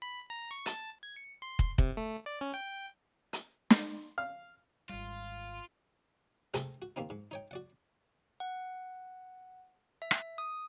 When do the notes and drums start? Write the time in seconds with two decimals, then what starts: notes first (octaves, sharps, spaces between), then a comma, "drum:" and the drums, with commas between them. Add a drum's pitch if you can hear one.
0.02 B5
0.30 A#5
0.51 C#6
0.66 A5, drum: hi-hat
1.03 G#6
1.16 C#7
1.42 C6
1.59 drum: kick
1.78 C3, drum: kick
1.97 A3
2.26 D5
2.41 C#4
2.54 G5
3.33 drum: hi-hat
3.70 drum: snare
4.18 F5
4.89 G#1 G3 F4
6.54 C3 A3 C4 F#4 G#4 A4, drum: hi-hat
6.82 F#4
6.96 D#2 A#3 C4 D#4
7.10 G#2
7.31 D#4 C#5 G5
7.51 F#4 D5 F#5
8.40 F#5
10.02 E5
10.11 drum: rim click
10.38 D#6